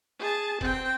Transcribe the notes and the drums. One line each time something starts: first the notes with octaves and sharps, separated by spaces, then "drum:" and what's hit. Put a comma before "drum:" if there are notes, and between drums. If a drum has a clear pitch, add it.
G#4 A5
C4 G5, drum: kick E1, hi-hat